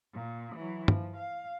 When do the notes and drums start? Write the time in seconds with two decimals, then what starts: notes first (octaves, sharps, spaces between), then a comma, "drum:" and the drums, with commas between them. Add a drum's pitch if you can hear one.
0.13 A#2
0.56 E3 F#3
0.88 F3, drum: tom
1.17 F5